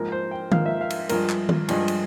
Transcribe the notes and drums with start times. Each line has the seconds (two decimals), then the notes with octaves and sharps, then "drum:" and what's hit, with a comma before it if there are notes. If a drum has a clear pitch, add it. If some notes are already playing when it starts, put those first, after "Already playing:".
Already playing: G#2 F3 A#3 A#4
0.12 C5
0.31 G5
0.52 G#2 F3 A#3 F5, drum: tom D#3
0.66 E5
0.81 F5
0.90 drum: cymbal
1.09 G2 F3 G#3 A#4, drum: cymbal
1.29 drum: clap
1.49 drum: tom D#3
1.69 G2 F3 G#3, drum: cymbal
1.88 drum: cymbal